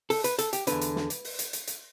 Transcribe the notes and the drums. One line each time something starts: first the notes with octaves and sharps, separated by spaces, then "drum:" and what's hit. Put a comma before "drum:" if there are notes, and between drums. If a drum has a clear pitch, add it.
A4, drum: open hi-hat
B4, drum: hi-hat
A4, drum: hi-hat
G4, drum: hi-hat
E2 D3 B4, drum: hi-hat
drum: hi-hat
drum: snare
drum: hi-hat
drum: open hi-hat
drum: hi-hat
drum: hi-hat
drum: hi-hat